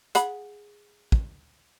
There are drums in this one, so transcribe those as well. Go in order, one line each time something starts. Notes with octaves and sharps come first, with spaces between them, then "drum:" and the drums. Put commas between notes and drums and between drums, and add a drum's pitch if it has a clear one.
G#4 F#5 B5, drum: hi-hat
drum: kick